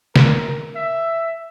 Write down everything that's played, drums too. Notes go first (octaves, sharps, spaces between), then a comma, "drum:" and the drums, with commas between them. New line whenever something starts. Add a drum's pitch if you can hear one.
A#4, drum: snare
E5